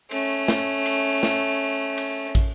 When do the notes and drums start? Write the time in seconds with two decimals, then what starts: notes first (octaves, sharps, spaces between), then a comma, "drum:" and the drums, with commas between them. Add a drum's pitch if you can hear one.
0.11 A3 C#4, drum: cymbal
0.48 drum: snare
0.86 drum: cymbal
1.23 drum: snare
1.98 drum: cymbal
2.35 drum: kick, cymbal